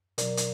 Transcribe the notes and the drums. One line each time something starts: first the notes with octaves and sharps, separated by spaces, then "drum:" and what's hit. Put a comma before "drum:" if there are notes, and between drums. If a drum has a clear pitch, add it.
B2 F#3 A#4 D5, drum: hi-hat
drum: hi-hat